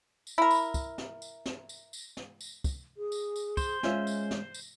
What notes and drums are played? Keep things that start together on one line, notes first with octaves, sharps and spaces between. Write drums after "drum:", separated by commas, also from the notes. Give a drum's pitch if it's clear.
drum: tambourine
E4 A#4
drum: tambourine
drum: kick, tambourine
drum: snare
drum: tambourine
drum: snare
drum: tambourine
drum: tambourine
drum: snare
drum: tambourine
drum: kick, tambourine
G#4
drum: tambourine
drum: tambourine
C5, drum: kick, tambourine
G#3 C#4 F4 E5, drum: snare
drum: tambourine
drum: snare
drum: tambourine